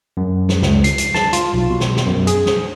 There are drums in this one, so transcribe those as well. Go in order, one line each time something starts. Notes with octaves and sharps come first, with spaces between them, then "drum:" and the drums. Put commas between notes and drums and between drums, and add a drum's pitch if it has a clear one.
F#2
drum: snare
C#2, drum: snare
C7, drum: hi-hat
drum: hi-hat
A5, drum: snare
F4, drum: hi-hat
B1
B2
drum: snare
drum: snare
F#2
G#4, drum: hi-hat
drum: snare